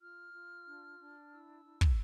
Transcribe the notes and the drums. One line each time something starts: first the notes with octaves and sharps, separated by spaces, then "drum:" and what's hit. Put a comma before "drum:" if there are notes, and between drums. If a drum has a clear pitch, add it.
F4 F6
F4
D4
D4
E4 E6
E4
drum: kick